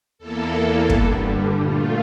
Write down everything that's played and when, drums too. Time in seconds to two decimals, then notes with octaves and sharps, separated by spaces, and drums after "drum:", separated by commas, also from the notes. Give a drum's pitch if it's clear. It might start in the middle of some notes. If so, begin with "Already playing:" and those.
0.18 E2 E3 A#3 A4
0.90 G2 D3 G3, drum: kick
1.59 A#2 A3 F4